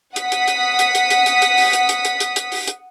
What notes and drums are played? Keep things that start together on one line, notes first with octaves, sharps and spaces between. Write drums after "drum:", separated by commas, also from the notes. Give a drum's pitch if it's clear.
F#5 D#6 B6, drum: hi-hat
drum: hi-hat
drum: hi-hat
drum: hi-hat
drum: hi-hat
drum: hi-hat
drum: hi-hat
drum: hi-hat
drum: open hi-hat
drum: hi-hat
drum: hi-hat
drum: hi-hat
drum: hi-hat
drum: hi-hat
drum: open hi-hat
drum: hi-hat